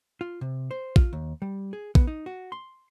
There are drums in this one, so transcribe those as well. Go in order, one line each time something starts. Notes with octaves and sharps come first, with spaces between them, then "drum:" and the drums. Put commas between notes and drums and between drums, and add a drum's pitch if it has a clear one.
F4
C3
C5
F4, drum: kick
D#2
G3
G#4
B3, drum: kick
D#4
F#4
C6